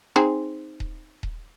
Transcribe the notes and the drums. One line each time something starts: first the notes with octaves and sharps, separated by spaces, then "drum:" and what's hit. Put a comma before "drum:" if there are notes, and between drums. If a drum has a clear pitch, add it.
C4 D#4 G#4
drum: kick D#1
drum: kick D#1